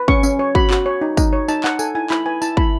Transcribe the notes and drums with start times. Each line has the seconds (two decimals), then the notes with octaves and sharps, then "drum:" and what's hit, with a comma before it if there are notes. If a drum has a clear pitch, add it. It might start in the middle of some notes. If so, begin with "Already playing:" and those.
Already playing: B4
0.08 C#4 C#6, drum: kick
0.23 C#4, drum: tambourine
0.39 C#5
0.55 F#4 B5, drum: kick
0.71 F#4, drum: clap
0.86 C#5
1.01 D#4
1.17 D#4, drum: kick, tambourine
1.33 C#5
1.48 D#4 A5, drum: tambourine
1.64 D#4 F#5, drum: clap
1.79 A4 G#5, drum: tambourine
1.95 E4 G#5
2.10 E4 B5, drum: clap
2.26 B4 G#5
2.42 E4 A5, drum: tambourine
2.57 E4 B5, drum: kick